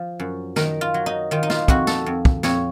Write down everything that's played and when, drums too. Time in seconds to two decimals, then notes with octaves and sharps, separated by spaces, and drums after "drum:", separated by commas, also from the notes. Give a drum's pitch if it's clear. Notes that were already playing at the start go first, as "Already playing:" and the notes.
Already playing: F3
0.20 F#2
0.56 D#3 A#4, drum: snare
0.81 F4
0.94 F#3
1.06 D#4
1.31 D#3 F4
1.43 D#4
1.50 F4, drum: snare
1.68 F2 F#4, drum: kick
1.87 A4, drum: snare
2.06 F2
2.25 drum: kick
2.43 F2 C#5, drum: snare